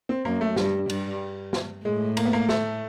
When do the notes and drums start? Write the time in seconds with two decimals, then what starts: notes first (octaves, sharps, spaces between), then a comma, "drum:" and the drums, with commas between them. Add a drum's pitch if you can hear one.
0.09 C4
0.25 F#2 A#3
0.41 A3
0.56 G2 G3, drum: snare
0.90 G2, drum: cymbal
1.53 drum: snare
1.85 A2 G#3
2.17 A#3, drum: cymbal
2.26 B3
2.33 A#3
2.49 A3, drum: snare